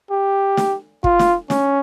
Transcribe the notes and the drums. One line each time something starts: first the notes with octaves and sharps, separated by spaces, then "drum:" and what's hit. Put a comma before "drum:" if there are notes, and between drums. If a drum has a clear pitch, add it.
G4
drum: snare
F4, drum: kick
drum: snare
C#4, drum: snare